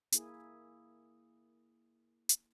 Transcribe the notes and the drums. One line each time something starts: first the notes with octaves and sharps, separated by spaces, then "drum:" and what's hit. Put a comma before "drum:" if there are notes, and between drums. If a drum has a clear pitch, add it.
A#3 E4 G#4, drum: hi-hat
drum: hi-hat